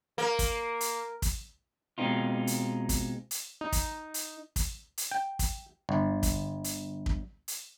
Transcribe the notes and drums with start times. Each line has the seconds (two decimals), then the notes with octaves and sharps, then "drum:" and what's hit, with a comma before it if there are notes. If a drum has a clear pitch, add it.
0.18 A#3
0.39 drum: kick, hi-hat
0.81 drum: hi-hat
1.22 drum: kick, hi-hat
1.98 B2 G#3 C4 D#4 F4
2.47 drum: hi-hat
2.89 drum: kick, hi-hat
3.31 drum: hi-hat
3.61 D#4
3.72 drum: kick, hi-hat
4.14 drum: hi-hat
4.56 drum: kick, hi-hat
4.98 drum: hi-hat
5.11 G5
5.39 drum: kick, hi-hat
5.89 G1
6.23 drum: kick, hi-hat
6.64 drum: hi-hat
7.06 drum: kick
7.48 drum: hi-hat